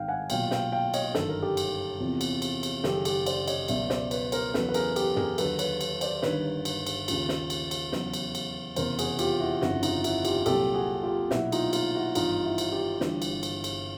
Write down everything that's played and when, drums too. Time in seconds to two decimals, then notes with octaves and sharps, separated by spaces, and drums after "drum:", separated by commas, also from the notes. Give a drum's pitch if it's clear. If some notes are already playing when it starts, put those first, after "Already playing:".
Already playing: G#1 G#2 D#3 F5 G5
0.08 F#5 G#5
0.30 B1 A#2 F#3 F5 G5, drum: cymbal
0.51 F5 G5, drum: snare
0.72 F5 G5
0.94 C#5 D#5, drum: cymbal
1.14 G1 F#2 D#3 A4, drum: snare
1.29 A#4
1.42 G4 A4
1.57 drum: cymbal
2.00 E2 C3 F3
2.21 drum: cymbal
2.42 drum: cymbal
2.63 drum: cymbal
2.84 F#1 F#2 D#3 F#3 G4 A4, drum: snare
2.96 G#4
3.05 G4 A4, drum: cymbal
3.26 C5 D5, drum: cymbal
3.48 C#5 D#5, drum: cymbal
3.68 C#2 B2 F#3 D5 E5, drum: cymbal
3.90 C5 D5, drum: snare
4.11 B4 C#5, drum: cymbal
4.32 A#4 C5, drum: cymbal
4.54 E2 C#3 F#3 A4 B4, drum: snare
4.69 B4
4.74 G#4 A#4, drum: cymbal
4.96 G4 A4, drum: cymbal
5.17 G#4 A#4, drum: tom
5.38 D#2 D3 F#3 A4 B4, drum: cymbal
5.59 B4 C#5, drum: cymbal
5.81 drum: cymbal
6.01 C5 D5, drum: cymbal
6.22 G1 G2 D#3 B4 C#5, drum: snare
6.65 drum: cymbal
6.86 drum: cymbal
7.08 D#2 C#3 F3, drum: cymbal
7.29 drum: snare
7.50 drum: cymbal
7.71 drum: cymbal
7.92 E2 C#3 F#3, drum: snare
8.14 drum: cymbal
8.35 drum: cymbal
8.76 F1 E2 C#3 A#4 C5, drum: cymbal
8.99 F#4 G#4, drum: cymbal
9.19 F4 G4, drum: cymbal
9.40 E4 F#4
9.62 G1 F2 C#3 F3 E4 F#4, drum: snare
9.83 D#4 F4, drum: cymbal
10.04 E4 F#4, drum: cymbal
10.25 F4 G4, drum: cymbal
10.46 C2 A#2 F#3 G4 A4, drum: cymbal
10.74 F#4 G#4
11.03 F4 G4
11.31 B1 A#2 F#3 E4 F#4, drum: snare
11.52 D#4 F4, drum: cymbal
11.73 D#4 F4, drum: cymbal
11.95 E4 F#4
12.15 G#1 G2 E3 D#4 F4, drum: cymbal
12.44 E4 F#4
12.58 drum: cymbal
12.72 F4 G4
13.01 G1 G2 E3, drum: snare
13.22 drum: cymbal
13.43 drum: cymbal
13.64 drum: cymbal